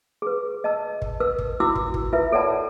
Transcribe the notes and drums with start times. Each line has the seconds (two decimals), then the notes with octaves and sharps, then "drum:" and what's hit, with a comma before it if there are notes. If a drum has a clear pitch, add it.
0.22 G#4 B4
0.64 D#5 A5 E6
1.02 drum: kick
1.20 A#4 B4 E6
1.39 drum: kick
1.60 E4 F#4 D6 E6
1.76 drum: kick
1.94 drum: kick
2.12 E4 F4 A#4 B4 E5
2.32 A4 C#5 D5 F#5 A5 B5